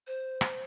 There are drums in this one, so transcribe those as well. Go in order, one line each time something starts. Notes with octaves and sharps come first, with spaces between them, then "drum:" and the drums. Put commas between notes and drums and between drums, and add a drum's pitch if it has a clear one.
C5
drum: rim click